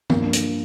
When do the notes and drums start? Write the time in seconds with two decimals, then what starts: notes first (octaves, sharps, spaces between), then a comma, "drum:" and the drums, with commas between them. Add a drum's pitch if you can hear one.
0.10 G2 F3 A#3, drum: tom D#3
0.33 drum: hi-hat